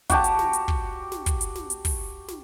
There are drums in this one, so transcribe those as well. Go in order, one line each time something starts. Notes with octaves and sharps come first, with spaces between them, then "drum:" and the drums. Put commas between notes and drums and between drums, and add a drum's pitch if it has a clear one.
F#4 G4 A5, drum: kick, hi-hat
drum: hi-hat
drum: snare
drum: hi-hat
drum: kick
drum: snare
drum: kick, hi-hat
drum: hi-hat
drum: snare
drum: hi-hat
drum: kick, open hi-hat
drum: snare